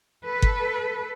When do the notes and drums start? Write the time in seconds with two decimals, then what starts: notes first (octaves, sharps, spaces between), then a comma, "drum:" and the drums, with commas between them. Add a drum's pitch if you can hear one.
0.25 A4 B4
0.42 drum: kick G1